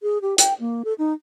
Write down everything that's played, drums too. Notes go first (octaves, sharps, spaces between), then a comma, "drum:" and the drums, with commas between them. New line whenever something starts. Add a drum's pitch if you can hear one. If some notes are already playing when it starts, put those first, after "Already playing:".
G#4
G4
G5, drum: hi-hat
A#3
A4
D#4